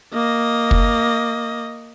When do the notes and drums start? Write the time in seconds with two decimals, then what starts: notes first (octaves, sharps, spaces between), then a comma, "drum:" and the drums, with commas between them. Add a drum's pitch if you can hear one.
0.14 A#3 D#5
0.71 drum: kick